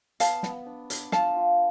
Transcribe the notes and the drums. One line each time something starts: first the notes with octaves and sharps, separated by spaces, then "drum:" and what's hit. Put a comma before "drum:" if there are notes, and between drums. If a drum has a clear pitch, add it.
B3 F5 A5, drum: hi-hat
B3, drum: snare
D4
D4, drum: hi-hat
F4 F5 A5, drum: snare
F4